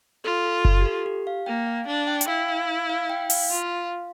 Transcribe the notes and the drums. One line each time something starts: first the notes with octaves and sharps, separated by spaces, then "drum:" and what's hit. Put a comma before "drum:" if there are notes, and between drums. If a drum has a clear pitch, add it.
F4 A4
A4
drum: kick F#1
G4
A4
G4
F5
A#3 G5
F5
D4
G5
G5, drum: hi-hat
E4 F5
F5
F5
G5
F5, drum: open hi-hat
F4